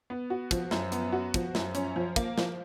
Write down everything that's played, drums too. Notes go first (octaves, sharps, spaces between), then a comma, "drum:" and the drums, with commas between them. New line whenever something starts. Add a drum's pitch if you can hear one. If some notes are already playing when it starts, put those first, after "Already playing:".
B3
F#4
F3, drum: kick, hi-hat
F#2, drum: snare
B3, drum: hi-hat
F#4
F3, drum: kick, hi-hat
F#2, drum: snare
C#4, drum: hi-hat
F3
A#3, drum: kick, hi-hat
F3, drum: snare